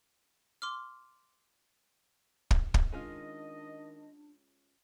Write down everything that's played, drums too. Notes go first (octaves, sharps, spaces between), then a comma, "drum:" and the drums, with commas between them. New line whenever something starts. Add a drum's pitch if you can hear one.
C6 D6 F6
drum: kick
drum: kick
D#3 G#3 C#4 D4 F4 D#5